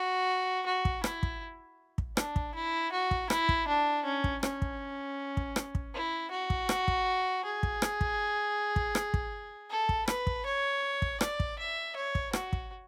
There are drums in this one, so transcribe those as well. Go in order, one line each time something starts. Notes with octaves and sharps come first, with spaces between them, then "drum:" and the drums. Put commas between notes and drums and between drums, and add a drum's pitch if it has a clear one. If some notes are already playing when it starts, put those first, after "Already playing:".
Already playing: F#4
F#4
drum: kick
E4, drum: rim click
drum: kick
drum: kick
D4, drum: rim click
drum: kick
E4
F#4
drum: kick
E4, drum: rim click
drum: kick
D4
C#4
drum: kick
C#4, drum: rim click
drum: kick
drum: kick
drum: rim click
drum: kick
E4
F#4
drum: kick
drum: rim click
drum: kick
G#4
drum: kick
drum: rim click
drum: kick
drum: kick
drum: rim click
drum: kick
A4
drum: kick
B4, drum: rim click
drum: kick
C#5
drum: kick
D5, drum: rim click
drum: kick
E5
C#5
drum: kick
F#4, drum: rim click
drum: kick